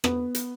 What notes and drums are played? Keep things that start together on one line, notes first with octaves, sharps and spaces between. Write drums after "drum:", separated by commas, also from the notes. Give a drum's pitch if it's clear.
B3, drum: rim click
drum: hi-hat